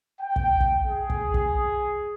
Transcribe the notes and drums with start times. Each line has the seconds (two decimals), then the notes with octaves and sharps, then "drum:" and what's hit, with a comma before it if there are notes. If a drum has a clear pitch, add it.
0.20 G5
0.36 drum: kick
0.60 drum: kick
0.85 G#4
1.10 drum: kick
1.34 drum: kick